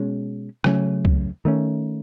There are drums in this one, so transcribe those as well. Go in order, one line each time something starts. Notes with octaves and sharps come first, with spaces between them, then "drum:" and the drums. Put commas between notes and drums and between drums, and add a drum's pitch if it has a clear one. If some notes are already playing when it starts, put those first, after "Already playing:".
Already playing: B2 G#3 C#4
C#3 F#3 A3 C#4, drum: rim click
drum: kick
D#3 A3 C#4